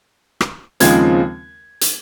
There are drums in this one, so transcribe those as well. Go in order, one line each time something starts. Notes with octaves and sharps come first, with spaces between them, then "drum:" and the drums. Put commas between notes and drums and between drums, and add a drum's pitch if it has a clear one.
drum: rim click
D#2 C#3 F3 G#3 C4 G#6, drum: hi-hat
drum: hi-hat